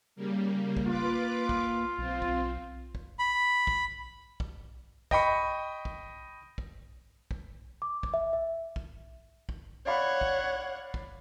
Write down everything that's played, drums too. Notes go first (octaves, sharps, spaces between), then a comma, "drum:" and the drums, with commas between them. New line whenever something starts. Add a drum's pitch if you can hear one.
C#3 G3 A#3
drum: kick
A#3 F4 B4 D6
drum: kick
B1 C4
drum: kick
drum: kick
B5
drum: kick
drum: kick
D#5 G5 B5 C#6, drum: kick
drum: kick
drum: kick
drum: kick
D6
drum: kick
E5
E5
drum: kick
drum: kick
C#5 D5 F5 F#5 B5
drum: kick
drum: kick